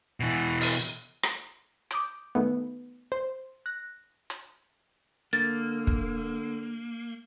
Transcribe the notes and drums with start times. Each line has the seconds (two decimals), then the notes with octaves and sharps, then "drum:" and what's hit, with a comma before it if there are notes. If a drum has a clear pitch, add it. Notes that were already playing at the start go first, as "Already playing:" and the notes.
0.20 B2 E3
0.61 drum: open hi-hat
1.23 drum: rim click
1.91 D6 D#6 G6 D7, drum: hi-hat
2.35 D#3 A3 B3
3.12 C5
3.66 F#6 A#6
4.30 drum: hi-hat
5.33 D3 A#3 A6
5.87 drum: kick